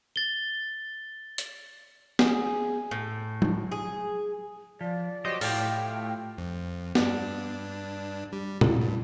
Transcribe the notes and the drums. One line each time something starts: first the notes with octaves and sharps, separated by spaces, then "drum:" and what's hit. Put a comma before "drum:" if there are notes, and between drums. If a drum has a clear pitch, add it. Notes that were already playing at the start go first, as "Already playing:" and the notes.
A6 G7
drum: hi-hat
G#4, drum: snare B3
A2
drum: tom F#3
G#4
F3 D5
F#3 G4 C5 D#5
A2 F4 G4 G5, drum: open hi-hat
F2
G2 D4, drum: snare B3
G3
D#2, drum: tom
G2